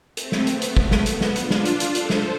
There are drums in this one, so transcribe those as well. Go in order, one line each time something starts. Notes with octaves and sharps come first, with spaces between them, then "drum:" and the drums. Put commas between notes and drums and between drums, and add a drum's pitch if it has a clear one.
A3 C4, drum: hi-hat
drum: snare
B3, drum: hi-hat
drum: hi-hat
A3, drum: kick
drum: snare
B3, drum: hi-hat
drum: snare
D4 F4, drum: hi-hat
drum: snare
drum: hi-hat
drum: hi-hat
A4 C5, drum: hi-hat
drum: snare